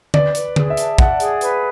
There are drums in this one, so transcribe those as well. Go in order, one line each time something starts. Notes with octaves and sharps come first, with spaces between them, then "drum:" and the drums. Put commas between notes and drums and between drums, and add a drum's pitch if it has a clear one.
B4 D5, drum: tom D3
B4, drum: hi-hat
G#4, drum: tom D3
E5
A5, drum: hi-hat
D5 F#5, drum: kick
G#4, drum: hi-hat
B4, drum: hi-hat